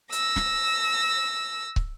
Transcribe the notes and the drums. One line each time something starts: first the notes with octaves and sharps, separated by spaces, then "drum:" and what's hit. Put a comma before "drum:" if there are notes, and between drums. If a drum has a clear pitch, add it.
E6 A#6, drum: hi-hat
drum: snare
drum: kick